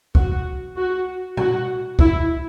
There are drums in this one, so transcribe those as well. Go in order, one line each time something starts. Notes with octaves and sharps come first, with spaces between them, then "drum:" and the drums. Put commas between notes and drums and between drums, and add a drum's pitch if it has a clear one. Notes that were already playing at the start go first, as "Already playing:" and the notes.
F#4, drum: kick
F#4
F#4, drum: tom A#2
E4, drum: kick